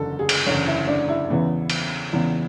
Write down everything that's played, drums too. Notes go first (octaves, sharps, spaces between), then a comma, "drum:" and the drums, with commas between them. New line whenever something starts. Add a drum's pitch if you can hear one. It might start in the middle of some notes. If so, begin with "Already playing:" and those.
Already playing: F#1 E2 D3 A4
G#4
drum: cymbal
F#1 E2 D3 C#5
E4
D4
E4
E2 C#3 E3 B3
drum: cymbal
E2 C#3 E3 B3